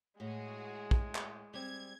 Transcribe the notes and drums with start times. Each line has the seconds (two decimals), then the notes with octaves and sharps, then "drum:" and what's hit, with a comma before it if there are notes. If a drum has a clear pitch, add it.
0.20 A2 G#3 F#4 G#4
0.91 drum: kick
1.15 drum: clap
1.54 G3 C4 G#6